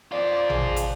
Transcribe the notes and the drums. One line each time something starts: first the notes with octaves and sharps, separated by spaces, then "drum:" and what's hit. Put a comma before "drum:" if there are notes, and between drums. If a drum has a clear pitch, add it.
C4 F4 D5
G#4, drum: tom A1
drum: hi-hat